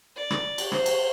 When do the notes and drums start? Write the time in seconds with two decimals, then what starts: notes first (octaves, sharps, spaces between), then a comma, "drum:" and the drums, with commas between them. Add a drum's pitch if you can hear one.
0.16 D5
0.30 drum: rim click
0.58 drum: cymbal
0.72 C5, drum: rim click
0.86 drum: cymbal